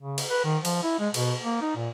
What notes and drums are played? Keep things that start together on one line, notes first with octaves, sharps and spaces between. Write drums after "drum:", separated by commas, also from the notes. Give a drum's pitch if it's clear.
C#3
drum: cymbal
B4
D#3
F3, drum: cymbal
E4
G#3
B2, drum: cymbal
A#3
D#4
A#2